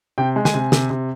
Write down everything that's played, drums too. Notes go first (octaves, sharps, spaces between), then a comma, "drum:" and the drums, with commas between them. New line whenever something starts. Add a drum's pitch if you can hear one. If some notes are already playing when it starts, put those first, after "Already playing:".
C3 G5
G#3
G#5, drum: snare
C3
C3, drum: snare
C3